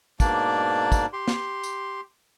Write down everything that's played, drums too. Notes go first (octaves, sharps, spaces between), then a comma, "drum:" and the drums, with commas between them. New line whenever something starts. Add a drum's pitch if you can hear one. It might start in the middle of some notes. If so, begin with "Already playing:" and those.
G#2 B2 A#3 D4 D5, drum: kick, tambourine
drum: kick, tambourine
G4 C6
drum: snare
drum: tambourine